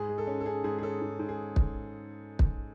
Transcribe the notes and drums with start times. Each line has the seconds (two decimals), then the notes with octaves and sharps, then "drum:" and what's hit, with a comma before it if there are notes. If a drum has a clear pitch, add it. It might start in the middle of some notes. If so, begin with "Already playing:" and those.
Already playing: G#2 G#4
0.09 G#3
0.18 A4
0.27 C#4
0.40 A4
0.45 C#4 G#4
0.64 G#2 G#4
0.78 G#4
0.83 C#4 A4
1.02 G#2
1.19 G#2
1.29 G#4
1.56 drum: kick
2.39 drum: kick